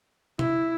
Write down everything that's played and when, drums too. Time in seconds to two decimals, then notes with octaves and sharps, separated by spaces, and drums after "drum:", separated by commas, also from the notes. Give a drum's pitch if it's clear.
0.39 E4, drum: tom B2